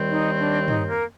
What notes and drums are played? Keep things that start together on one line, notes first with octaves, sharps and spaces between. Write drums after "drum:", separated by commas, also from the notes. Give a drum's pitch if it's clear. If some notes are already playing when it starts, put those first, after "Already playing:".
Already playing: D#2 D#3 G3 C4
D#4
D4
D#4, drum: tom
A#3 A#4